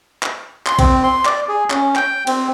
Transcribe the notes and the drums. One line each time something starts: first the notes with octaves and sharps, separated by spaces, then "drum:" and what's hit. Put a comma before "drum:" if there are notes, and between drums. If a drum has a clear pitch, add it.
drum: clap
C6, drum: clap
C4, drum: kick, cymbal
C6
D5, drum: clap
G#4
C#4, drum: clap
G5, drum: clap
C4, drum: cymbal